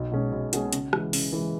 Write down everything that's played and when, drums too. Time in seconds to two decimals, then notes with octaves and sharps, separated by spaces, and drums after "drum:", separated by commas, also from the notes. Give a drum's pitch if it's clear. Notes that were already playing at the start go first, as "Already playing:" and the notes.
Already playing: B1
0.12 B2 G#3 C#4 G#4
0.32 B1
0.53 B2 G#3 C#4 G#4, drum: hi-hat
0.73 C#3, drum: hi-hat
0.93 E3 G#3, drum: rim click
1.13 C#3, drum: open hi-hat
1.33 E3 G#3